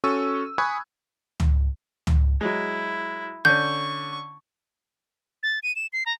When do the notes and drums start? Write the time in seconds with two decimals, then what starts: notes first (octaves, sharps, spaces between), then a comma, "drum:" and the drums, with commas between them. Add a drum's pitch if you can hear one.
0.04 C#4 F#4 A4 C#6 E6 D#7
0.58 G#5 B5 C#6 D#6 F#6 G#6
1.40 drum: tom C#2
2.07 drum: tom C#2
2.41 F#3 G#3 E4
3.45 D3 C#4 C#6 G6
5.43 A6
5.63 D#7
5.76 E7
5.93 C7
6.06 A#5